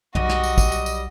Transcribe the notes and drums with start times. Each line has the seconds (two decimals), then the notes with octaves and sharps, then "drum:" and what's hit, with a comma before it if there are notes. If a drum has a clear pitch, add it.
0.15 B1 G3 F#4 D#5, drum: tom
0.29 drum: snare
0.43 drum: tambourine
0.58 drum: kick G#1, tambourine
0.72 drum: tambourine
0.86 drum: tambourine